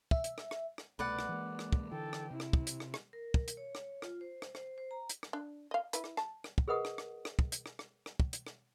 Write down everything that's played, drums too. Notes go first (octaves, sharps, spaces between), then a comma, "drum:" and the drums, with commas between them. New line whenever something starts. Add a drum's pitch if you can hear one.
E5, drum: kick
drum: hi-hat
drum: rim click
drum: rim click
drum: rim click
C2 B2 A3 B4 D5 F#5
drum: rim click
E3 G#3 A#3
drum: rim click
drum: kick
D3 E3 A4 G5
drum: rim click
C3 E4
drum: rim click
drum: kick
drum: hi-hat
drum: rim click
drum: rim click
A#4
drum: kick
drum: hi-hat
C#5
drum: rim click
F4, drum: rim click
C5
drum: rim click
C5, drum: rim click
C5
A#5
drum: hi-hat
drum: rim click
D4
D#5 F5
E4 B4, drum: hi-hat
drum: rim click
A5, drum: rim click
drum: rim click
drum: kick
G#4 A#4 B4 D#5 F#5 D#6
drum: rim click
drum: rim click
drum: rim click
drum: kick
drum: hi-hat
drum: rim click
drum: rim click
drum: rim click
drum: kick
drum: hi-hat
drum: rim click